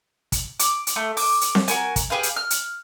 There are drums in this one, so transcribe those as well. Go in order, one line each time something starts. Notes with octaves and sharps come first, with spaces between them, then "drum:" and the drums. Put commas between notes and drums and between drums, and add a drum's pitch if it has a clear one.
drum: kick, hi-hat
D6, drum: hi-hat
drum: hi-hat
A3
D6, drum: open hi-hat
drum: hi-hat
drum: snare C4
F#4 A#4 G#5, drum: hi-hat
drum: kick, hi-hat
G4 G#4 B4 F5
drum: hi-hat
F6
drum: hi-hat